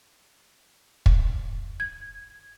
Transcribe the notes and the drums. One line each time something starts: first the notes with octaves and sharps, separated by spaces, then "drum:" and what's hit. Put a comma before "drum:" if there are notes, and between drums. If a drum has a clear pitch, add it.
drum: kick
G#6